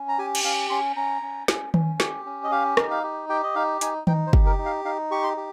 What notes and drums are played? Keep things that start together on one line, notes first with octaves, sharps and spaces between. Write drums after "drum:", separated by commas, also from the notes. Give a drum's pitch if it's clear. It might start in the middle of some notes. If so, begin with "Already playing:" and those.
Already playing: C#4
A#5
G4 G#5
drum: cymbal
C#4 F5
C#4 C6
C#4 A#5
C#4
C#4, drum: snare
C#4, drum: tom D#3
G4, drum: snare
C#4
D#5
G4 F5
D#4, drum: rim click
F5
G4
G4 G5
D#5
D#4 F5
D#4 G#5, drum: hi-hat
D#4 G5, drum: tom D#3
C5
G4, drum: kick
A#4
D#4
F5
D#4 F5
G4 C#6
C6
G4